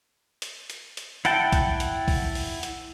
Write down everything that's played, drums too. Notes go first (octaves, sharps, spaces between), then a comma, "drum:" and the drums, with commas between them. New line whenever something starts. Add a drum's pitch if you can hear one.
drum: hi-hat
drum: hi-hat
drum: hi-hat
E4 F#5 G5 A5, drum: hi-hat
drum: kick, hi-hat
drum: hi-hat
drum: kick, open hi-hat
drum: open hi-hat
drum: hi-hat